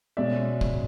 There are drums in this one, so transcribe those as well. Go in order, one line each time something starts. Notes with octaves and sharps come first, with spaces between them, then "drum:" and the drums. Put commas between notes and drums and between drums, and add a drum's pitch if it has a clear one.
B2 G#3 C#4 D5 E5
drum: kick